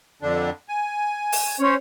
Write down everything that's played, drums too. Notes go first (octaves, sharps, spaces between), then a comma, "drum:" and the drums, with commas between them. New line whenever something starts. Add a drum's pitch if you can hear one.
F2 D3 D4
G#5
drum: open hi-hat
C#4 C5 C#5